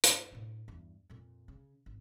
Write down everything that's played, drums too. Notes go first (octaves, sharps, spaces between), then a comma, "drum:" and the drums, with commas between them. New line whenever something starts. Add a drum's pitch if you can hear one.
G2, drum: hi-hat
A2 D4
E2 G2
F2 A#2
C#3
G#1